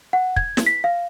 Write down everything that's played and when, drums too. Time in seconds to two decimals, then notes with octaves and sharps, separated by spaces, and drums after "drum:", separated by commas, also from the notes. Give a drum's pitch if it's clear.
0.13 F#5
0.36 G#6, drum: kick
0.57 drum: snare
0.66 B6
0.84 F5